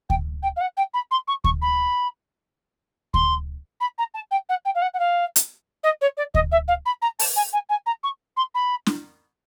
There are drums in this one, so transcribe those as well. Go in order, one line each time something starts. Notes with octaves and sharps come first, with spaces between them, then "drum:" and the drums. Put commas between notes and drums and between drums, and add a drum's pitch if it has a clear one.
G5, drum: kick D2
G5
F5
F#5
G5
B5
C6
C#6
C#6, drum: kick D2
B5
C6, drum: kick D2
B5
A#5
A5
G5
F#5
G5
F5
F#5
F#5
F5
drum: hi-hat
D#5
C#5
D5
D#5, drum: kick D2
E5
F5
B5
A#5
A5, drum: open hi-hat
G#5
G#5
G#5
A#5
C#6
C6
B5
drum: snare